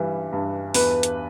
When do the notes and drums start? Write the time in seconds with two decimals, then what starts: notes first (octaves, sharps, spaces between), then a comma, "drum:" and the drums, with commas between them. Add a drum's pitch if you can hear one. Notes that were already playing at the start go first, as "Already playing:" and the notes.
Already playing: G2 E3 G3
0.32 G2
0.74 E2 B4, drum: open hi-hat
1.03 drum: hi-hat